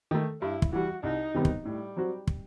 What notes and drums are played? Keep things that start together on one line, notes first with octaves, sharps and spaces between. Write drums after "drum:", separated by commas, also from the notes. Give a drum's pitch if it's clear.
D#3 A3
G2 E4
drum: kick
E3 G3 F#4
C2 D#4
C3 D#3 G3 B3
drum: kick
A2 G3
F#3 C4 F#4
drum: kick